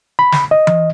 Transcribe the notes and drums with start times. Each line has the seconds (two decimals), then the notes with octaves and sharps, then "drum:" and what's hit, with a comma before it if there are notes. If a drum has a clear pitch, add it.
0.19 B5
0.32 drum: snare
0.51 D#5
0.67 drum: tom E3